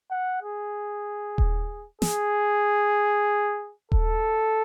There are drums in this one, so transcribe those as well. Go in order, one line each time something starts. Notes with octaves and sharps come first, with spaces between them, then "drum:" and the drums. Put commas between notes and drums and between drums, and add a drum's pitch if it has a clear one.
F#5
G#4
drum: kick D#1
G#4, drum: snare
A4, drum: kick D#1